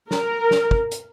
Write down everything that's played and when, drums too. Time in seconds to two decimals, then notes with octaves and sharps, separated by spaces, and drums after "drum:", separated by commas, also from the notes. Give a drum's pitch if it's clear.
0.11 A#4, drum: snare
0.51 drum: snare
0.71 drum: kick
0.91 drum: hi-hat